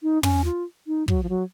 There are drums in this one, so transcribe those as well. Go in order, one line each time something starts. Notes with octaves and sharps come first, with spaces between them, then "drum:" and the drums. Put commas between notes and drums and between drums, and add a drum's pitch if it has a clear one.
D#4
C#4, drum: tom
F4
D#4
F#3, drum: kick
F3
F#3